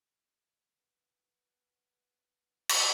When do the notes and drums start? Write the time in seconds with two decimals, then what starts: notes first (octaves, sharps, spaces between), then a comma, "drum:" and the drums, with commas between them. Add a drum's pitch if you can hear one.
0.72 B4 F#5
2.69 drum: cymbal